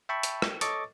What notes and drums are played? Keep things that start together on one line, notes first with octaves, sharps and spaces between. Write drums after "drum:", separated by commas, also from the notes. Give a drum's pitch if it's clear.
E5 G5 A5 B5 C#6
drum: hi-hat
drum: rim click
A4 C#5 D#5 C#6 D6 A6, drum: hi-hat